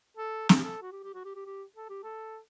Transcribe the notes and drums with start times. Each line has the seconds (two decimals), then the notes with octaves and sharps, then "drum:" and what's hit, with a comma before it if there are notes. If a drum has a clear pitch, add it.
0.17 A4
0.49 A4, drum: snare
0.57 G4
0.64 A4
0.82 F#4
0.92 G4
1.03 G4
1.14 F#4
1.25 G4
1.35 G4
1.46 G4
1.76 A4
1.89 G4
2.03 A4